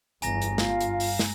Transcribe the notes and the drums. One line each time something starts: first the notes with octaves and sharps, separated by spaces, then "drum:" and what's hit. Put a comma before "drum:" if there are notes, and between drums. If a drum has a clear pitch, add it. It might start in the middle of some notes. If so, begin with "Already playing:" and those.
G1 E2 G#5 A#5 A#6, drum: hi-hat
drum: hi-hat
F4 F5, drum: snare
drum: hi-hat
drum: open hi-hat
drum: snare